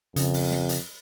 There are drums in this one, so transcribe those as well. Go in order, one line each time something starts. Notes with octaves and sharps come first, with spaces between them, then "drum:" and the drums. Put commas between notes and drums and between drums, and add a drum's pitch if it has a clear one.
F2 C#3, drum: hi-hat
drum: open hi-hat
drum: snare
drum: hi-hat